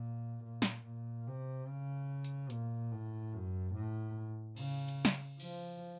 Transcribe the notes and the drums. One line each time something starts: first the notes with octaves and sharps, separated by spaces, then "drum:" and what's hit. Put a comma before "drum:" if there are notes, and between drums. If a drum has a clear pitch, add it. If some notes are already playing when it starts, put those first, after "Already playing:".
Already playing: A#2
A#2
drum: snare
A#2
C3
C#3
drum: hi-hat
A#2, drum: hi-hat
A2
F#2
A2
C#3, drum: cymbal
drum: hi-hat
drum: snare
F3, drum: cymbal